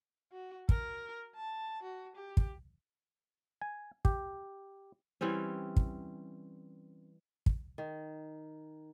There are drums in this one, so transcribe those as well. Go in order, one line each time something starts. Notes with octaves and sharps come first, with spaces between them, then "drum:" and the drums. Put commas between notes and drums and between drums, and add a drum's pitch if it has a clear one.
F#4
A#4, drum: kick
A5
F#4
G4
drum: kick
G#5
G4, drum: kick
E3 G3 C4 C#4
drum: kick
drum: kick
D#3